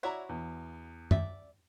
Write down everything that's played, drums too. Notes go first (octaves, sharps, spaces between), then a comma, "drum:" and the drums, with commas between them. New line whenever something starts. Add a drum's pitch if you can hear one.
E4 F#4 C#5 D5 E5 A#5
E2
D5 E5, drum: tom F#2